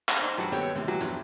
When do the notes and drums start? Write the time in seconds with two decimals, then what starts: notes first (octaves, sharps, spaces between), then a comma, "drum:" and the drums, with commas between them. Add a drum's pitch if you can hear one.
0.09 drum: clap
0.21 D#4 C5 D5
0.38 G2 F#3 F#4 F#5 A5 B5
0.52 D#2 G3 B3 A4 C#5 G5, drum: hi-hat
0.75 D#2 A2 C3, drum: hi-hat
0.87 E3 F#3 F#4 G4
1.00 E2 G2 F3 F#3, drum: hi-hat